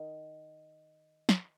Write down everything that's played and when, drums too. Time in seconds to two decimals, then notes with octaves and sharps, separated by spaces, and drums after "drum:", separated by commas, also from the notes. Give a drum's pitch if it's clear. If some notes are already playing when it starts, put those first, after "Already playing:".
Already playing: D#3
1.29 drum: snare